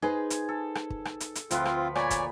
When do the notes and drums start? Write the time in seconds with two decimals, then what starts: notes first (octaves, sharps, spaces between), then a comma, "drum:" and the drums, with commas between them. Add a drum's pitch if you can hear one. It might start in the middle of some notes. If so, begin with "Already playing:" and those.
0.02 D#4 G#4 B4 C5
0.30 drum: hi-hat
0.49 A4
0.75 drum: rim click
0.90 drum: kick
1.05 drum: rim click
1.20 drum: hi-hat
1.35 drum: hi-hat
1.51 D2 F3 C4 F4 B4, drum: hi-hat
1.65 drum: rim click
1.95 A#2 C#5 D5 G#5 B5, drum: rim click
2.10 drum: kick, hi-hat